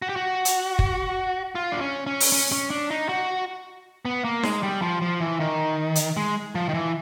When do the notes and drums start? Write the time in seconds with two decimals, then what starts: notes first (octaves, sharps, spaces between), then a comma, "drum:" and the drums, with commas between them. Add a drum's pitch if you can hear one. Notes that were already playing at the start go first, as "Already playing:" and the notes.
0.02 F#4
0.09 G4
0.16 F#4
0.45 drum: hi-hat
0.79 drum: kick
1.55 F4
1.72 D4
1.81 C#4
2.07 C#4
2.20 drum: open hi-hat
2.32 C#4
2.52 C#4
2.70 D4
2.90 D#4
3.09 F#4
4.05 B3
4.24 A#3
4.43 G#3, drum: snare D#4
4.63 G3
4.82 F3
5.02 F3
5.21 E3
5.40 D#3
5.95 drum: hi-hat
6.17 G#3
6.55 F3
6.69 D#3
6.74 E3